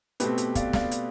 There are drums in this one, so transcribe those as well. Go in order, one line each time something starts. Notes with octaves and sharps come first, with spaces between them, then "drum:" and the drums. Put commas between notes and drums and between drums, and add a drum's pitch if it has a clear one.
B2 A3 C4 G4 B4, drum: hi-hat
G4, drum: hi-hat
D5 F5, drum: kick, hi-hat
D5 F5, drum: snare
drum: hi-hat